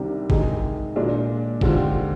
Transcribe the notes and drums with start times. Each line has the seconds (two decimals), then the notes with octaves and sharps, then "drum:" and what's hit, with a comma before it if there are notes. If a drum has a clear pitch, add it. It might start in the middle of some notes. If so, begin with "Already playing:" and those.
Already playing: C2 C3 D#3 G3 D4
0.30 D#3 G#3 D#4 G#4, drum: kick G1
0.96 A#2 G#3 D4 F4
1.61 D#2 D3 G#3 C4 F4, drum: kick G1